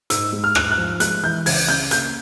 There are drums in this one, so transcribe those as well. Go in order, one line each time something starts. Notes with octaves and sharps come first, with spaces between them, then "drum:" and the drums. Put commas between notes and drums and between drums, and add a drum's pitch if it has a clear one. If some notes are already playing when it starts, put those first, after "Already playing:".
G#2 E6, drum: hi-hat
G#3
F6
G#2 F#6, drum: rim click
F#6
F3
G#3 F#6, drum: hi-hat
E3 G6
C#2 G#6, drum: open hi-hat
C#3 G6
A#3 G6, drum: hi-hat